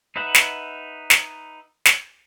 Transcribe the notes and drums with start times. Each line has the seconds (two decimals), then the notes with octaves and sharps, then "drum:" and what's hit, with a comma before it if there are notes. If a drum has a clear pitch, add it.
0.16 D#4 B4 E5 F#5
0.35 drum: snare
1.10 drum: snare
1.85 drum: snare